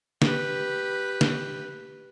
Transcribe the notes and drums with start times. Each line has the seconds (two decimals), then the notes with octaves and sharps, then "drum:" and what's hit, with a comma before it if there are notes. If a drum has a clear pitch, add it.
0.22 G4 B4, drum: snare
1.21 drum: snare